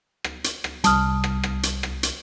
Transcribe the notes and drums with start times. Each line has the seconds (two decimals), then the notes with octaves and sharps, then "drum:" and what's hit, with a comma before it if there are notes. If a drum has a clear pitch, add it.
0.24 drum: rim click
0.44 drum: hi-hat
0.64 drum: rim click
0.84 C2 G3 A5 D#6 F6, drum: hi-hat
1.24 drum: rim click
1.43 drum: rim click
1.63 drum: hi-hat
1.83 drum: rim click
2.03 drum: hi-hat